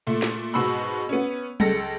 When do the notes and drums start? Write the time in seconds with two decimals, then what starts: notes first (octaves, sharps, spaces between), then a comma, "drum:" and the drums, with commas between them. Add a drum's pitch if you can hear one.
0.07 A#2 A3
0.22 drum: snare
0.53 G#2 B2 F#4 B5 E6
1.09 B3 C#4
1.60 C#2 A4 A#6 C#7, drum: tom F#3